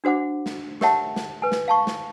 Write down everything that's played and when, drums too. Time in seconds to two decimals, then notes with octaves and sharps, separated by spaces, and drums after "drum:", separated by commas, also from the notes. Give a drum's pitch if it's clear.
0.04 D4 F#4 C5 F#5 D6
0.46 drum: snare
0.81 G4 A#4 C#5 E5 F#5 A5, drum: snare
1.16 drum: snare
1.42 B4 G#5
1.52 drum: snare
1.68 F5 A5 C#6
1.87 drum: snare